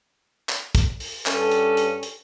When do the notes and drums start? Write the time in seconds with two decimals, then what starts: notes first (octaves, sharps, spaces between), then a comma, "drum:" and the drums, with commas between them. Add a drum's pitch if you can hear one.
0.49 drum: clap
0.75 drum: kick, hi-hat
1.00 drum: open hi-hat
1.26 G2 C#4 A4, drum: clap
1.52 drum: hi-hat
1.77 drum: hi-hat
2.03 drum: hi-hat